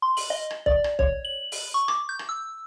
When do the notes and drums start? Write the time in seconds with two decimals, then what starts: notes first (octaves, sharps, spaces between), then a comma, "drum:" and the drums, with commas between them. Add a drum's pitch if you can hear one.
0.02 C6
0.17 F#7, drum: open hi-hat
0.30 D#5
0.50 drum: rim click
0.66 D5, drum: kick
0.84 drum: rim click
0.99 C#5, drum: kick
1.25 F#7
1.52 drum: open hi-hat
1.74 C#6
1.88 D6, drum: rim click
2.09 G6
2.19 drum: rim click
2.29 E6